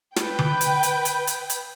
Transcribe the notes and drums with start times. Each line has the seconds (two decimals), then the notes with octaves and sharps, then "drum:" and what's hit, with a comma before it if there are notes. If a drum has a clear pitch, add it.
0.16 B4 G5, drum: snare
0.39 drum: tom D3
0.61 drum: hi-hat
0.83 drum: hi-hat
1.05 drum: hi-hat
1.27 drum: hi-hat
1.50 drum: hi-hat